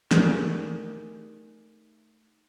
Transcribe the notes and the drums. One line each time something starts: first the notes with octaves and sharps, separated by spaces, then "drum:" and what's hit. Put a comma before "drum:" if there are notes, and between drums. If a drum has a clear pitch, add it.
A3 D#4 G4 G#4 A#4 D5, drum: snare